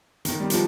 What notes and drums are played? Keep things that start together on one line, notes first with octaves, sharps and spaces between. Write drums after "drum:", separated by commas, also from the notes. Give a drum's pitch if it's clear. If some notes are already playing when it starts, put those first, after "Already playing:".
D#3, drum: hi-hat
G3
F3, drum: hi-hat